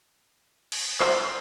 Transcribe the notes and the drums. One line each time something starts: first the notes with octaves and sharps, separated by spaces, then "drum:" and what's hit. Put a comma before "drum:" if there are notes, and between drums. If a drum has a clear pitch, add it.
drum: cymbal
C5, drum: clap